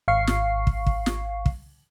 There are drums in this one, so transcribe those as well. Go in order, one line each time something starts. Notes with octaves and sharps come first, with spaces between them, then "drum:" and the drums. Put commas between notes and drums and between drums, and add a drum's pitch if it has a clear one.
G#1 F5 C#6 C7
drum: snare
drum: kick
drum: kick
drum: snare
drum: kick